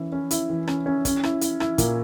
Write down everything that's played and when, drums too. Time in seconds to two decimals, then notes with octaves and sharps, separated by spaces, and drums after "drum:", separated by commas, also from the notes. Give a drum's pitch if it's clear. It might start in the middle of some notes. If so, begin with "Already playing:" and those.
Already playing: E3 C#4 E4
0.12 C#4
0.31 E4, drum: hi-hat
0.50 E3
0.67 C#4, drum: rim click
0.86 C#4
1.05 C#4, drum: kick, hi-hat
1.23 E4, drum: rim click
1.41 E4, drum: hi-hat
1.60 E4, drum: rim click
1.78 A#2, drum: kick, hi-hat